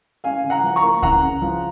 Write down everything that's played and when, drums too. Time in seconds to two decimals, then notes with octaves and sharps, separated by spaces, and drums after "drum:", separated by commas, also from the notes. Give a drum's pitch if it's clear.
0.24 C#4 F5 G#5
0.44 C#3
0.50 F#5 A#5
0.64 F3
0.76 A#5 C#6
0.83 A#3
1.03 C#4 F#5 A#5, drum: kick C#2
1.22 C#3
1.42 F3